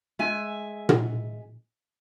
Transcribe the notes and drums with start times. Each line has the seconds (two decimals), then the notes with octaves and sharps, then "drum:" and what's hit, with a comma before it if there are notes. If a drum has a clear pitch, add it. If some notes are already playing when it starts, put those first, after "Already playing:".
0.19 G#3 E5 G#5
0.89 drum: tom A#2